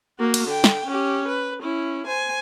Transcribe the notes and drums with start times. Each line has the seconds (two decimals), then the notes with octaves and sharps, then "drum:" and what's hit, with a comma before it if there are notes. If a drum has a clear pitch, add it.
0.19 A#3 F#4
0.34 drum: cymbal
0.47 D3 G5
0.64 drum: snare
0.87 C#4 G4
1.28 B4
1.62 C#4 E4
2.07 C5 G#5